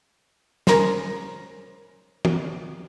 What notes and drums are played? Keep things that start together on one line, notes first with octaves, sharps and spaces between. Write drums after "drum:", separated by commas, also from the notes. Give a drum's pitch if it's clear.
C#4 A#4 C5, drum: snare
drum: tom